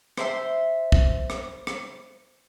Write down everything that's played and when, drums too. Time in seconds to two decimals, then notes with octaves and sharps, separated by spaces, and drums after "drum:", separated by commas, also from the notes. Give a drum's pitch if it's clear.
0.18 C5 E5 C6, drum: rim click
0.92 drum: kick
1.30 drum: rim click
1.67 drum: rim click